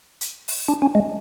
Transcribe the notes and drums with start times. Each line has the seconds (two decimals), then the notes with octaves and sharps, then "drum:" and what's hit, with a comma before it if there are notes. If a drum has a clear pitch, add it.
0.21 drum: hi-hat
0.48 drum: open hi-hat
0.69 D4
0.82 C#4
0.95 G#3